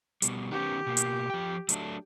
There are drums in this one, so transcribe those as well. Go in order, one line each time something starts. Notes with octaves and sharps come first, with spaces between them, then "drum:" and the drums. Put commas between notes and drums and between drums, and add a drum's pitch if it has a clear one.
B2 G3, drum: hi-hat
D#3 B3 C#4 G4
B2 A#3
drum: hi-hat
F3 G5
F#3 A3 D4, drum: hi-hat